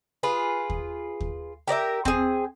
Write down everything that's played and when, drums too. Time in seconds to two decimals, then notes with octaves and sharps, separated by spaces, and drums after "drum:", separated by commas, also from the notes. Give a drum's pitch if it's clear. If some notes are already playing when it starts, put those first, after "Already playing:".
0.23 F4 G#4 B4
0.70 drum: kick
1.20 drum: kick
1.68 G4 A#4 D5 E5
2.05 C4 G#4, drum: kick